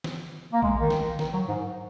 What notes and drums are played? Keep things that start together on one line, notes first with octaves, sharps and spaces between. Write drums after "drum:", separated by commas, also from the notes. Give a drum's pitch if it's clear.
drum: snare
A#3
G#3, drum: kick A#1
D#3
drum: snare
D#3, drum: snare
F#3
G#2